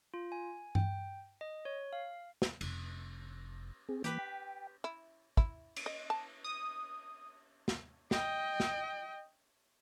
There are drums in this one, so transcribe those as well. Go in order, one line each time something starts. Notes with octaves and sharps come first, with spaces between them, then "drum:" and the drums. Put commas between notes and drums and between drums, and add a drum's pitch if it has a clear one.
F4
G#5
G5, drum: tom G2
D#5
C#5
F5
drum: snare
F1, drum: cymbal
C4 G#4
E3 A#3 G4 B4, drum: hi-hat
G5
E4
E4, drum: kick
drum: cymbal
D#5
A5
D#6
drum: snare
D#5 G5, drum: snare
drum: snare